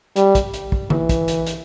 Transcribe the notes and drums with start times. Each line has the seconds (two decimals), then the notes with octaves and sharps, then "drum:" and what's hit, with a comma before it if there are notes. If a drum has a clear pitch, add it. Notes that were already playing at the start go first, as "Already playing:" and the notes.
0.16 G3, drum: hi-hat
0.35 drum: kick, hi-hat
0.54 drum: hi-hat
0.72 drum: kick
0.90 E3, drum: tom D3
1.09 drum: kick, hi-hat
1.28 drum: hi-hat
1.47 drum: hi-hat